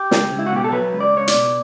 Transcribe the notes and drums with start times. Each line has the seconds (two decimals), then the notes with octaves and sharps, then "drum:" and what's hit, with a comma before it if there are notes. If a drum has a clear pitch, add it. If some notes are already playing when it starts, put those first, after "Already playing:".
Already playing: G4
0.11 C#2, drum: snare
0.31 C#2
0.39 E4
0.47 F#4
0.52 B2 G4
0.64 A4
0.72 F#3 B4
0.93 C#2
1.00 D5
1.14 C#2 C#5
1.28 D5, drum: hi-hat
1.34 B2